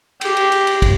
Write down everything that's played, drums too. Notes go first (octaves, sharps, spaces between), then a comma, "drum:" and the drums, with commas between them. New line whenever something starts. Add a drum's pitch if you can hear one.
G4, drum: cymbal
drum: cymbal
drum: cymbal
drum: cymbal
drum: kick, cymbal